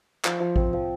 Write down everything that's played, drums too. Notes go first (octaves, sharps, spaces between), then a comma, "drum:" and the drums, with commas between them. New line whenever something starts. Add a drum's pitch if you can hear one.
F3, drum: clap
F3
C4, drum: kick A1
F3